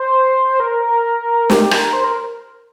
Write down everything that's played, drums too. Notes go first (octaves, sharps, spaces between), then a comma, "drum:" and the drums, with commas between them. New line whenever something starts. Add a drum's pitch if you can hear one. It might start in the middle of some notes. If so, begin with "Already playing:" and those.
Already playing: C5
A#4
G4, drum: snare
A#4, drum: rim click
C5
A#4